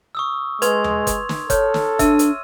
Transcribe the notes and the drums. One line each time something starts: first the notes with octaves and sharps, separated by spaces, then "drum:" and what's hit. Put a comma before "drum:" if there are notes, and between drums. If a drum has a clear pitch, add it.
C#6 D#6 E6
G#3 B4 C6 G#6 F7, drum: hi-hat
drum: tom D#2
drum: kick F#1, hi-hat
drum: snare
A4 C#5 F6, drum: kick F#1, hi-hat
drum: snare
D4 E5 E6 D#7, drum: kick F#1, hi-hat
drum: hi-hat